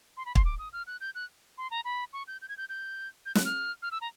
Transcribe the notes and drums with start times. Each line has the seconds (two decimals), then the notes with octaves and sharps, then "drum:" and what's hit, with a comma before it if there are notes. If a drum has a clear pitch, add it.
0.17 C6
0.26 B5
0.35 C6, drum: kick
0.45 D6
0.59 D#6
0.73 F6
0.87 F#6
1.01 G6
1.15 F#6
1.58 C6
1.71 A#5
1.85 B5
2.13 C#6
2.28 G6
2.42 G6
2.49 G#6
2.57 G6
2.69 G6
3.26 G6
3.35 F#6, drum: snare
3.45 F6
3.82 F6
3.92 E6
4.01 A#5